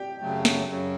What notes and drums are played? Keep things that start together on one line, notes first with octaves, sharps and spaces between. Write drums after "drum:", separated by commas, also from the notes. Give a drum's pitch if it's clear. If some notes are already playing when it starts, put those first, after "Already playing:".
Already playing: G4 G5
F#2 C#3 F#3 A3
drum: snare
F#2 C#3 F#3